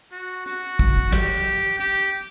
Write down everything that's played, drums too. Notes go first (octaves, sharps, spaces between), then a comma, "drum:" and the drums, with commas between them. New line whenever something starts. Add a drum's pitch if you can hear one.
F#4
F#4, drum: hi-hat
drum: kick
G4, drum: snare
G4, drum: hi-hat